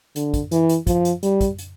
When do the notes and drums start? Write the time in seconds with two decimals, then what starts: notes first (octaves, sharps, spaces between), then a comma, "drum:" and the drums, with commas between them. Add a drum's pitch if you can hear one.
0.16 D3, drum: hi-hat
0.34 drum: kick, hi-hat
0.52 E3, drum: hi-hat
0.69 drum: hi-hat
0.87 F3, drum: kick, hi-hat
1.05 drum: hi-hat
1.23 G3, drum: hi-hat
1.41 drum: kick, hi-hat
1.58 drum: hi-hat